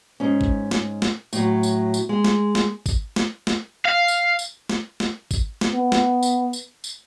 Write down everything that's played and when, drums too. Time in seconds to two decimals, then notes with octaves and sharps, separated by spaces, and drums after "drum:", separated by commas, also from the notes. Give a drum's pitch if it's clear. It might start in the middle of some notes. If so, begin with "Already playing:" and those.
0.20 G#2 C#4
0.41 drum: kick G#1
0.71 drum: snare
1.02 drum: snare
1.33 A2 F#3, drum: tambourine
1.63 drum: tambourine
1.94 drum: tambourine
2.09 G#3
2.24 drum: snare
2.55 drum: snare
2.86 drum: kick G#1, tambourine
3.16 drum: snare
3.47 drum: snare
3.86 F5
4.08 drum: tambourine
4.39 drum: tambourine
4.69 drum: snare
5.00 drum: snare
5.31 drum: kick G#1, tambourine
5.61 drum: snare
5.73 B3
5.92 drum: snare
6.23 drum: tambourine
6.53 drum: tambourine
6.84 drum: tambourine